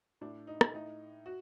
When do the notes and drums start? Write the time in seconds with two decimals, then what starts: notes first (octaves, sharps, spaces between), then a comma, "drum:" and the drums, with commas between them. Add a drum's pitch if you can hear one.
0.21 A2 D4
0.47 D#4
0.61 drum: rim click
0.74 A2 D#4
1.26 F#4